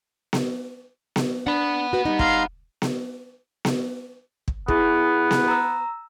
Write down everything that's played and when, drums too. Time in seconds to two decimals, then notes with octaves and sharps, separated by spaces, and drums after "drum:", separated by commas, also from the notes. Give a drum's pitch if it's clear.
0.33 drum: snare B3
1.16 drum: snare B3
1.47 D4 F#5 B5
1.93 F#4 B4
2.05 G3 D#4
2.19 F5 A#5 C6, drum: kick
2.82 drum: snare B3
3.65 drum: snare B3
4.48 drum: kick
4.68 B3 E4 G#4, drum: kick
5.31 drum: snare B3
5.48 A#5 E6